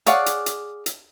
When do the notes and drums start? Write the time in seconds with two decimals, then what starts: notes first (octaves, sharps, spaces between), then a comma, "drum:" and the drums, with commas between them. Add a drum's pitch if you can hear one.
0.06 G#4 C#5 D5 F5 F#5, drum: hi-hat
0.26 drum: hi-hat
0.46 drum: hi-hat
0.86 drum: hi-hat